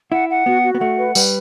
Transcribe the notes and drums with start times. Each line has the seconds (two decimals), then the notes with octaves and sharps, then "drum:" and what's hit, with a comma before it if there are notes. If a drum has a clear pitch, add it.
0.12 E4 F#5
0.29 F#5
0.46 B3 F#4
0.63 F#4
0.75 B3
0.80 A3 F#5
0.98 B4
1.15 G3 B4, drum: tambourine